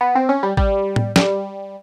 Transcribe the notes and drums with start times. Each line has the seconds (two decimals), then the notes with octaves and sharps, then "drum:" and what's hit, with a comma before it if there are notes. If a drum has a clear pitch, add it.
0.01 B3
0.15 C4
0.29 C#4
0.43 G3
0.57 G3, drum: kick
0.96 drum: tom A2
1.16 G3, drum: snare